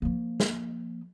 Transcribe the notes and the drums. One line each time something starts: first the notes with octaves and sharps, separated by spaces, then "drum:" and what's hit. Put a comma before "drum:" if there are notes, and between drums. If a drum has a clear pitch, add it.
F3 A#3
drum: snare